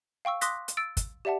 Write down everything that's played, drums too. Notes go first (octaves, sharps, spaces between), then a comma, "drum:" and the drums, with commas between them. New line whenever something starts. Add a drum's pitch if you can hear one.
F5 G5 C#6 E6
C6 D6 D#6 F#6 A#6 B6, drum: hi-hat
drum: hi-hat
E6 A6 D7
drum: kick, hi-hat
G4 D5 E5 F#5 A5